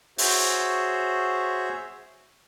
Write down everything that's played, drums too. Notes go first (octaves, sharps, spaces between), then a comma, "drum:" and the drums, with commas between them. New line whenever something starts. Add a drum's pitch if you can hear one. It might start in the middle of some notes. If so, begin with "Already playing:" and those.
F#4 G#4 C5 C#5 E5, drum: open hi-hat